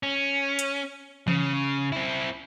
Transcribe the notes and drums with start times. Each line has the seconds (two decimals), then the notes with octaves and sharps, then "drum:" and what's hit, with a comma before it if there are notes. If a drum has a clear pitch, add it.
0.03 C#4
0.59 drum: hi-hat
1.28 C#3, drum: tom E3
1.92 C4 E4